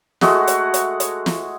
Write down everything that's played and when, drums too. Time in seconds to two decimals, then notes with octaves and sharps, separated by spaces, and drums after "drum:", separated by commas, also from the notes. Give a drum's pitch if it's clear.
0.21 G#3 A3 F#4 G#4, drum: snare
0.47 drum: hi-hat
0.74 drum: hi-hat
1.00 drum: hi-hat
1.26 drum: snare